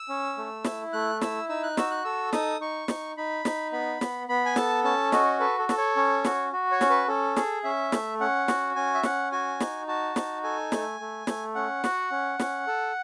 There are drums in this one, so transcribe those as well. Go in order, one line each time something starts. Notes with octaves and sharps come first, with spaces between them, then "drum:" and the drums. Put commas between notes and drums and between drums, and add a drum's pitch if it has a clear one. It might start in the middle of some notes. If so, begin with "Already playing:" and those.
Already playing: E6
C#4
A3
E4, drum: snare
A3 F#6
E4 E6, drum: snare
D#4 E6
F#6
F#4 E6, drum: snare
F#6
A4 E6
D#4 D#6, drum: snare
D#4 C#6
D#4, drum: snare
D#4 B5
D#4, drum: snare
B3 B5
B3, drum: snare
B3 B5
G#5
A4 A5, drum: snare
C#4 A5
F#4 D#5, drum: snare
A4 B4
A4
A4, drum: snare
C#5
C#4
F#4, drum: snare
F#4
C#5
C#4, drum: snare
B4
C#4 A4
G#4, drum: snare
C#4 E5
A3, drum: snare
C#4 F#5
F#4, drum: snare
C#4 G#5
E5
C#4 F#5, drum: snare
F#4 G#5
D#4, drum: snare
F#4 A5
D#4, drum: snare
A4 G#5
A3, drum: snare
A3
A3, drum: snare
C#4 F#5
F#4, drum: snare
C#4
C#4, drum: snare
A4